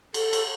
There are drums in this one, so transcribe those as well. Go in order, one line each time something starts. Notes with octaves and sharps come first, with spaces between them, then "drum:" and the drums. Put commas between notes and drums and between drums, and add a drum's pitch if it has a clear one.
A4, drum: cymbal
drum: cymbal